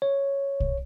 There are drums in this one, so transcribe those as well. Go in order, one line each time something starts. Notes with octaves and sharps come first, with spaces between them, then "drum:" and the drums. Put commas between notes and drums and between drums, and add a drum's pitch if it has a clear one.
C#5
drum: kick